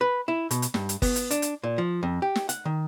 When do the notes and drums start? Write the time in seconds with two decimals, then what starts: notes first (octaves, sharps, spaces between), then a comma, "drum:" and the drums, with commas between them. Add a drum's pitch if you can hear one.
0.01 B4
0.28 E4
0.51 B2, drum: hi-hat
0.62 drum: hi-hat
0.74 G2, drum: snare
0.89 drum: hi-hat
1.02 B3, drum: kick G1, open hi-hat
1.16 drum: hi-hat
1.31 D4, drum: hi-hat
1.42 drum: hi-hat
1.63 A#2
1.78 F3
2.03 F2
2.22 G4
2.35 drum: snare
2.49 F#5, drum: hi-hat
2.65 D#3